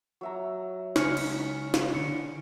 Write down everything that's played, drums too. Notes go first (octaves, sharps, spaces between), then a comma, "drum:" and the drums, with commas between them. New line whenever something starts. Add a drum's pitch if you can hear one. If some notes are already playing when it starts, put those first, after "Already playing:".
F#3 E5 A#5
C#2 C#4 D#4 F6 C#7, drum: snare
drum: cymbal
drum: snare
D3 D4 C#7